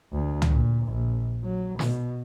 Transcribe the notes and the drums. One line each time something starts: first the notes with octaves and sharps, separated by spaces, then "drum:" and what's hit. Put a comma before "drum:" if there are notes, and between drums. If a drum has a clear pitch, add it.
D2
drum: tom
A#2
A#1
F#3
B2, drum: snare